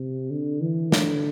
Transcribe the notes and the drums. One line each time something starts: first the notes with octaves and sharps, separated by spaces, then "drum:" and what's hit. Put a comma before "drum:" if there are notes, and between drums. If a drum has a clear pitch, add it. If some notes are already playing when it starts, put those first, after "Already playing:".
Already playing: C3
D3
E3
D3, drum: snare